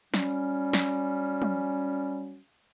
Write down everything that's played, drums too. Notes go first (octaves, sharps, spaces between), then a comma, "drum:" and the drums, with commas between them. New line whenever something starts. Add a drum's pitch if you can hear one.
F#3 G3 C#4, drum: snare
drum: snare
drum: tom